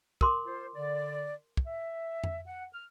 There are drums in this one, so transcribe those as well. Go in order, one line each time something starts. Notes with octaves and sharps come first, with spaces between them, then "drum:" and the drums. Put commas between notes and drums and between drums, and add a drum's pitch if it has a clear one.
A#4 C6 D6, drum: kick
F4 C5
D3 D5
drum: kick
E5
drum: tom F2
F#5
F6